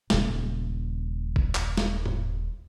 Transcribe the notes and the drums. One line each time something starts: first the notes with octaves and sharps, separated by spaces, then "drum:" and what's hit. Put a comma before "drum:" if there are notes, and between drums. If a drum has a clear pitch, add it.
D#1 C#3, drum: snare
drum: kick A1
drum: clap
drum: snare
drum: tom G#2